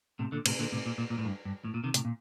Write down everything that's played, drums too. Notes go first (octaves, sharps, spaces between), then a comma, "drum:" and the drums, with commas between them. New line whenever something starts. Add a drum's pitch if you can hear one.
A2 C3
A#2 D3
A2 C3, drum: cymbal
A#2 D3
A2 C3
A#2
A#2
A#2
A2
G2
G2
A2
A#2
C3 D#3
A2 C3, drum: hi-hat
A#2